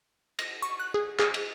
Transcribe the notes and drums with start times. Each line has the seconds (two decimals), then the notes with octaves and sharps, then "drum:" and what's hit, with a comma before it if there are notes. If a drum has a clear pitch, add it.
0.39 A#6, drum: cymbal
0.62 C#6
0.79 F#6
0.94 G#4
1.19 G#4, drum: clap
1.34 drum: cymbal